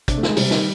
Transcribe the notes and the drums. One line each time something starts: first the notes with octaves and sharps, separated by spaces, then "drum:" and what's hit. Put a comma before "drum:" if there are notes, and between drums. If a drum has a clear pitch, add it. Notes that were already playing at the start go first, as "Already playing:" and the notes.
C3 D4, drum: kick, hi-hat
A3
D#3 G#3, drum: snare
C3 G3, drum: open hi-hat
D#3, drum: snare